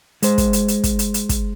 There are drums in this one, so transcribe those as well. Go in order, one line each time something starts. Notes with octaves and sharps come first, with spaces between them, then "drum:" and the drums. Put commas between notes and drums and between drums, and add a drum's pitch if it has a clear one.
G#3 C5, drum: hi-hat
drum: kick, hi-hat
drum: hi-hat
drum: hi-hat
drum: kick, hi-hat
drum: hi-hat
drum: hi-hat
drum: kick, hi-hat